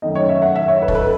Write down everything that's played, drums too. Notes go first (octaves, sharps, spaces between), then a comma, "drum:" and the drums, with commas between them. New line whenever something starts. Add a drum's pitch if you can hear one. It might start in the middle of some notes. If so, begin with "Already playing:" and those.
F#2 D#3 A3 D#4 D#5
C#5
E5
F#5
E5
C#5
B4
A4, drum: kick
B4